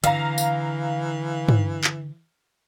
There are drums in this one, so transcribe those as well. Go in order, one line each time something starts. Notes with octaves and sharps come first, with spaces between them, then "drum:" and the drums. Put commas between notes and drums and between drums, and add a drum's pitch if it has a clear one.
D3 E3 F5 A#5, drum: hi-hat
drum: tambourine
drum: tom
drum: clap